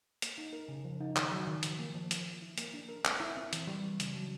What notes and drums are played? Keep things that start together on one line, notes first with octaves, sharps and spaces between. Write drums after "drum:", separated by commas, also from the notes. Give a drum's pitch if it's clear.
A#3, drum: hi-hat
D#4
A#4
C#3
F3
D#4
D#3, drum: clap
F#3
D#3
F3, drum: hi-hat
A#3
F3
F3, drum: hi-hat
A#3
E4
A#3, drum: hi-hat
D4
A#4
C4, drum: clap
E4
C4
E3, drum: hi-hat
G3
E3
C#3, drum: hi-hat
F#3